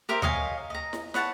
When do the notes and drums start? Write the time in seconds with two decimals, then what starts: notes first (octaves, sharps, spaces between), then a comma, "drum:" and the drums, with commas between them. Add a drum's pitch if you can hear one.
0.09 G4 A#4 C5 E5
0.22 C#5 D#5 F5 G#5, drum: tom D2
0.70 D#5 A#5
0.93 drum: snare
1.14 B4 C#5 F#5 A5, drum: snare